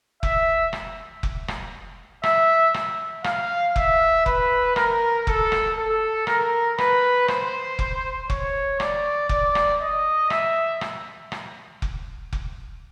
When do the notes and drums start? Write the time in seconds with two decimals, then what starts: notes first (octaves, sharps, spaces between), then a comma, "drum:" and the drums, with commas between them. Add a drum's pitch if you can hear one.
0.23 E5, drum: kick F1
0.73 drum: rim click
1.23 drum: kick F1
1.48 drum: rim click
2.23 E5, drum: rim click
2.74 drum: rim click
3.24 F5, drum: rim click
3.76 E5, drum: kick F1
4.26 B4, drum: kick F1
4.76 A#4, drum: rim click
5.27 A4, drum: kick F1
5.52 drum: rim click
5.78 A4
6.27 A#4, drum: rim click
6.78 B4, drum: rim click
7.28 C5, drum: rim click
7.79 drum: kick F1
8.30 C#5, drum: kick F1
8.80 D5, drum: rim click
9.29 D5, drum: kick F1
9.55 drum: rim click
9.81 D#5
10.30 E5, drum: rim click
10.81 drum: rim click
11.32 drum: rim click
11.82 drum: kick F1
12.33 drum: kick F1